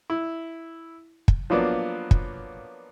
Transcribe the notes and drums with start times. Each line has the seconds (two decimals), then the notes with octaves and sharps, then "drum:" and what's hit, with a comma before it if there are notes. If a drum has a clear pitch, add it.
0.10 E4
1.28 drum: kick
1.50 F3 F#3 A#3 B3 D4
2.11 drum: kick